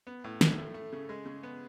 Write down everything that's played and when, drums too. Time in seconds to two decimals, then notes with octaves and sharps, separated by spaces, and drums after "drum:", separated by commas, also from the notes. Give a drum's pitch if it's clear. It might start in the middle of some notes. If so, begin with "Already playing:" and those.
0.07 B3
0.24 A2
0.41 A2, drum: snare
0.58 A3
0.74 A3
0.92 C#3
1.09 G#3
1.26 C#3
1.43 B3